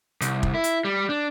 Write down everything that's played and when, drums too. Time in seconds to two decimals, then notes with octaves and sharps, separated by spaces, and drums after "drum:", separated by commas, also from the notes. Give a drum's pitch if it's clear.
0.21 C2, drum: hi-hat
0.43 drum: kick
0.54 E4
0.64 drum: hi-hat
0.85 G3
1.09 D4